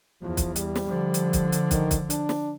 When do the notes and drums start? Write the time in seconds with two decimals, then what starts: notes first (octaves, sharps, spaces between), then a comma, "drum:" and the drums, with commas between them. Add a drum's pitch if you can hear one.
0.22 E2 F3
0.37 drum: kick, hi-hat
0.56 G3, drum: hi-hat
0.76 drum: snare
0.87 D3 F3
1.14 drum: hi-hat
1.33 drum: kick, hi-hat
1.52 drum: hi-hat
1.71 D#3, drum: kick, hi-hat
1.91 drum: kick, hi-hat
2.10 D4, drum: hi-hat
2.29 drum: snare